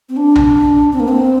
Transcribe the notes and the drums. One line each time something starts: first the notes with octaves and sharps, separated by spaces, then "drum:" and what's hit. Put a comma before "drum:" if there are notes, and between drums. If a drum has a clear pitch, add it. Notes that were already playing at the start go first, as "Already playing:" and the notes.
C4
D4
drum: tom B1
C4
A#3
C4